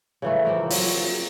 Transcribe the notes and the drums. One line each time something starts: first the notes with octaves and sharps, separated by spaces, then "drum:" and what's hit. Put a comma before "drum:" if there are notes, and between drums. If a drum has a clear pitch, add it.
C#3 E3 A3
F3 A#3 C4
F#3, drum: open hi-hat